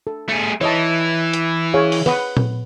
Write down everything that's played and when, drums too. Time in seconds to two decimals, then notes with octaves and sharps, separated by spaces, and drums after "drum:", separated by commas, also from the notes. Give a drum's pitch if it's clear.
0.07 A4
0.29 A3 G#4
0.61 E3 C#5 D#5 A5
1.34 drum: hi-hat
1.74 G#4 C#5 F5
1.92 drum: open hi-hat
2.06 B4 F#5 D#6, drum: snare
2.37 drum: tom A#2